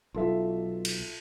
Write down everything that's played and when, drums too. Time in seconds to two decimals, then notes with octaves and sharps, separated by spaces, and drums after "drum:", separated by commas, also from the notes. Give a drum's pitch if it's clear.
0.14 B1 F4 A4 E5
0.85 drum: cymbal